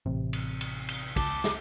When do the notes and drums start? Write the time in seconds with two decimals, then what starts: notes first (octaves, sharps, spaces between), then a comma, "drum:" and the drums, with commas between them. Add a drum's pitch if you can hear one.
0.06 A1 C3
0.33 drum: cymbal
0.61 drum: cymbal
0.89 drum: cymbal
1.16 C#2 A5 D6, drum: kick, cymbal
1.44 drum: snare